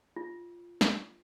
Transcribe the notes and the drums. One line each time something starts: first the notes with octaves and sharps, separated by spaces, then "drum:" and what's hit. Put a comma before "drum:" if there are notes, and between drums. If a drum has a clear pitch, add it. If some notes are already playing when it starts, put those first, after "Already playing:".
F4
drum: snare